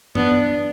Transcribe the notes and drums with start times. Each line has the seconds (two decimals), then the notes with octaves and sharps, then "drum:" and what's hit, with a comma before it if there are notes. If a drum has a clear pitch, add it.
0.15 B3 D4, drum: tom G2